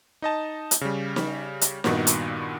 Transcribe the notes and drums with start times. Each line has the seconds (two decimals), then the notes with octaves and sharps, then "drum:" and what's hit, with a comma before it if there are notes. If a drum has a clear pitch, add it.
0.22 D#4 D#5 A5
0.71 drum: hi-hat
0.81 C#3 G3
1.16 drum: snare
1.61 drum: hi-hat
1.84 G2 A#2 D#3 B3 F#4, drum: snare
2.07 drum: hi-hat